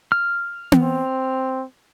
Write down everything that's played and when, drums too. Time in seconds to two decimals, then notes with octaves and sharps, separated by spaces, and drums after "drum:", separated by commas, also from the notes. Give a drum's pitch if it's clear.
0.12 F6
0.72 drum: tom B3
0.82 C4